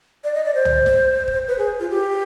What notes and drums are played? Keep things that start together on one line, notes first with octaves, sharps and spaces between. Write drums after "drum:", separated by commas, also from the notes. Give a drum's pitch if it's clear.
D5
D#5
D5
C5
drum: tom
drum: snare
drum: kick
B4
G#4
F4
G4